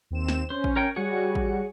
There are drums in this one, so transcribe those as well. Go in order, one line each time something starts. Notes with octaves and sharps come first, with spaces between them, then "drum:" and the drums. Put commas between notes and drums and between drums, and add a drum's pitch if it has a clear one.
D#2 C4 E7
drum: snare
C#4 C5
drum: kick A1
A#4 C#5 G5
G3 F#4 G#4 C#5 F#5
drum: kick A1